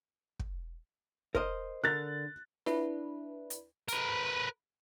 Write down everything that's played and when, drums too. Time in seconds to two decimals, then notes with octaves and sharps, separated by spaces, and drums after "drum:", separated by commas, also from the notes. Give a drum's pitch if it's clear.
0.39 drum: kick
1.35 A#4 C5 D#5, drum: kick
1.84 D3 A#4 F#6 A6
2.66 D4 E4 B4, drum: snare F4
3.50 drum: hi-hat
3.88 A#4 B4, drum: hi-hat